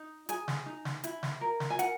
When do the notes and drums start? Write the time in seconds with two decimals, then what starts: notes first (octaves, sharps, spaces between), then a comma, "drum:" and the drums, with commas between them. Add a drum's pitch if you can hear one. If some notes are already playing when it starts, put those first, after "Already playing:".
Already playing: D#4
0.29 G#4 G#5, drum: hi-hat
0.48 drum: snare
0.66 D#4
0.85 drum: snare
1.04 E4, drum: hi-hat
1.23 drum: snare
1.41 A#4
1.60 drum: snare
1.70 G#5
1.79 A#4 F#5, drum: hi-hat